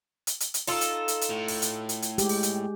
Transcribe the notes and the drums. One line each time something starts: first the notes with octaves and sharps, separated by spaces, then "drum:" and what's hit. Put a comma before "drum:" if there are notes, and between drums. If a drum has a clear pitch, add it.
drum: hi-hat
drum: hi-hat
drum: hi-hat
D#4 F4 A4, drum: open hi-hat
drum: hi-hat
drum: hi-hat
drum: hi-hat
A2
drum: open hi-hat
drum: hi-hat
drum: hi-hat
drum: hi-hat
G#3 G4, drum: hi-hat
drum: open hi-hat
drum: hi-hat